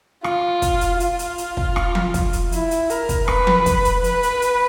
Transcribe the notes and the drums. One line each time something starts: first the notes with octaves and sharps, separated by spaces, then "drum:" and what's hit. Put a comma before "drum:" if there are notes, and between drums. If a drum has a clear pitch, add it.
F4, drum: rim click
drum: kick, hi-hat
drum: hi-hat
F4, drum: hi-hat
drum: hi-hat
drum: hi-hat
drum: kick
drum: rim click
drum: tom F3
drum: kick, hi-hat
drum: hi-hat
E4, drum: hi-hat
drum: hi-hat
A#4, drum: hi-hat
drum: kick, hi-hat
B4, drum: rim click
drum: tom F3
drum: kick, hi-hat
drum: hi-hat
B4, drum: hi-hat
drum: hi-hat
drum: hi-hat